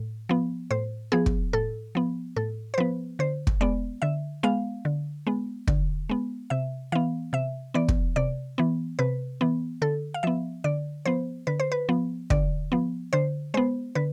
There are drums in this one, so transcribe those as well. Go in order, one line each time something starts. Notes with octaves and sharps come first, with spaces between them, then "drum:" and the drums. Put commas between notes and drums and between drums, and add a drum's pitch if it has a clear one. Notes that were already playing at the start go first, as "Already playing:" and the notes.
Already playing: A2
F3 B3
A2 C5
F3 B3 G#4
drum: kick
A2 A4
F3 B3
A2 A4
C5
F3 B3 B4
D3 C5
drum: kick
G#3 B3 D5
D3 E5
G#3 B3 F5
D3
G#3 B3
D3, drum: kick
G#3 B3
C3 E5
E3 B3 F5
C3 E5
E3 B3 D5
drum: kick
C3 D5
E3 B3
C3 B4
E3 B3
D3 A4
F5
F3 B3 E5
D3 D5
F3 B3 C5
D3 B4
C5
B4
F3 B3
D3 D5, drum: kick
F3 B3
D3 C5
G#3 B3 C5
D3 B4